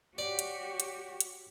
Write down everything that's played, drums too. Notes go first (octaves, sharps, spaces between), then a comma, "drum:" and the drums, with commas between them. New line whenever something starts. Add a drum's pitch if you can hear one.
F#4 G4 C#5 D5
drum: hi-hat
drum: hi-hat
drum: hi-hat